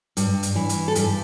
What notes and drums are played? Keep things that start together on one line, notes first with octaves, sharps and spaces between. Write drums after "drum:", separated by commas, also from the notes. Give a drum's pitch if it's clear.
G2, drum: hi-hat
drum: hi-hat
E3
drum: hi-hat
A4
G2 G4, drum: hi-hat